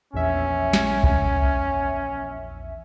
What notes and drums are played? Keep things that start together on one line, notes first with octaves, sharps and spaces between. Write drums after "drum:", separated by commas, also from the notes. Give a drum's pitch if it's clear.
A#1 E2 C#4 E5
drum: snare
drum: kick C2